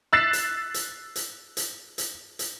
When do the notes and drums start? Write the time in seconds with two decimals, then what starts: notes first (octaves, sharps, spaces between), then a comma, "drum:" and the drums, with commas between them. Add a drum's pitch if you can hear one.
0.13 E6 F#6 A6 B6 C7 E7
0.33 drum: hi-hat
0.74 drum: hi-hat
1.16 drum: hi-hat
1.57 drum: hi-hat
1.98 drum: hi-hat
2.39 drum: hi-hat